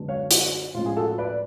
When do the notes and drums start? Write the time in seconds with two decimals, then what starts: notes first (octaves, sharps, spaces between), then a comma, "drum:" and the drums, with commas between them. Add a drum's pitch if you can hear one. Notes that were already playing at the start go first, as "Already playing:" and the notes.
Already playing: F#2 D3 G#3 B3 D4
0.08 C#5 F5
0.31 F#4, drum: hi-hat
0.74 A2 F3 G#3 C#4 F4
0.85 F4 G#4
0.97 F#4 A4
1.18 B4 D5